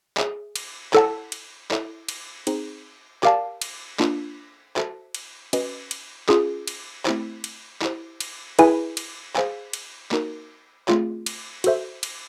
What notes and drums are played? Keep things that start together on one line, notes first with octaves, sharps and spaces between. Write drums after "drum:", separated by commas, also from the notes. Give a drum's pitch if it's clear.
G#4 C#5 E5 G#5, drum: clap
drum: cymbal
E4 A4 C#5 F#5 A5, drum: clap
drum: cymbal
E4 A4 C#5 E5, drum: clap
drum: cymbal
C4 D#4 G#4 C5, drum: cymbal
G4 A#4 D5 F5 A5, drum: clap
drum: cymbal
A#3 D4 F4, drum: clap
F#4 A4 C5 E5 A5, drum: clap
drum: cymbal
C#4 F#4 B4 D#5, drum: cymbal
drum: cymbal
C#4 F4 G#4, drum: clap
drum: cymbal
A3 C4 E4 G4 C5, drum: clap
drum: cymbal
E4 G4 C5, drum: clap
drum: cymbal
E4 G#4 B4 E5 G#5, drum: cymbal
drum: cymbal
G#4 C5 F5 G#5, drum: clap
drum: cymbal
A#3 D#4 F#4 A#4, drum: clap
A3 C4 F4 G#4 C#5, drum: clap
drum: cymbal
F#4 A4 C5 E5, drum: cymbal
drum: cymbal